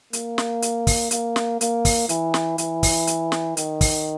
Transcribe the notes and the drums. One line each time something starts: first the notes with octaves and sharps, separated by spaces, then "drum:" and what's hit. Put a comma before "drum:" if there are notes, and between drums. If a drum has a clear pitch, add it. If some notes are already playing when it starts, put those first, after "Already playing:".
A#3, drum: hi-hat
drum: snare
drum: hi-hat
drum: kick, open hi-hat
A#3, drum: hi-hat
drum: snare
A#3, drum: hi-hat
drum: kick, open hi-hat
E3, drum: hi-hat
drum: snare
E3, drum: hi-hat
drum: kick, open hi-hat
drum: hi-hat
drum: snare
D#3, drum: hi-hat
drum: kick, open hi-hat